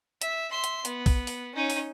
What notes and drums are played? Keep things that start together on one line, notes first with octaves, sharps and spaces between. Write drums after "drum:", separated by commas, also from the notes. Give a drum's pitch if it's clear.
E5, drum: hi-hat
E5 C6
drum: hi-hat
B3, drum: hi-hat
drum: kick, open hi-hat
drum: open hi-hat
C#4 D#4
drum: open hi-hat